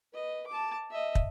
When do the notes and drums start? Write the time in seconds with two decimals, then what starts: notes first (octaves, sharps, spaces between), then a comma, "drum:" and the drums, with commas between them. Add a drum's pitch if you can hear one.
0.13 B4 D#5
0.47 A5 D6
0.90 D#5 E5
1.15 drum: kick